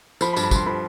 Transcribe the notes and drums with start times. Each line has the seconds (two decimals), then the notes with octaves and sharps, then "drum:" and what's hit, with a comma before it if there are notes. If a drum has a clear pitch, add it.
0.21 F3 B5, drum: tambourine
0.33 B5
0.36 G2, drum: tambourine
0.43 B5
0.51 G2 C6, drum: kick, tambourine
0.66 F3 B5